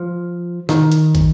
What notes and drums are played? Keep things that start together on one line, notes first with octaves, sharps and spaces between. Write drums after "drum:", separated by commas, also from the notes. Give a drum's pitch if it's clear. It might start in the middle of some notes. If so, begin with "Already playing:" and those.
Already playing: F3
D#3, drum: snare
drum: hi-hat
drum: kick, hi-hat